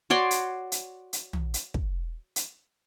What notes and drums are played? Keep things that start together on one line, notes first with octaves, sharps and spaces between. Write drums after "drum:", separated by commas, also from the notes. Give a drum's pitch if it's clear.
F#4 C#5 D5 C6
drum: hi-hat
drum: hi-hat
drum: hi-hat
drum: tom
drum: hi-hat
drum: kick
drum: hi-hat